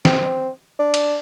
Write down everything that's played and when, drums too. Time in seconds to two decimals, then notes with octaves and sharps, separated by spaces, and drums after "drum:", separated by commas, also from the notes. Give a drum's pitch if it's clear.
0.05 C4, drum: snare
0.79 D4
0.94 drum: cymbal